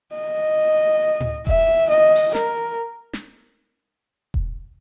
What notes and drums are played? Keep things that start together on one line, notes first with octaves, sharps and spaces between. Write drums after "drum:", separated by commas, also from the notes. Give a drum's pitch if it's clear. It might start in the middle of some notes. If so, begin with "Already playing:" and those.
D#5
drum: tom A2
E5, drum: kick E1
D#5
drum: open hi-hat
A#4, drum: snare
drum: snare
drum: kick E1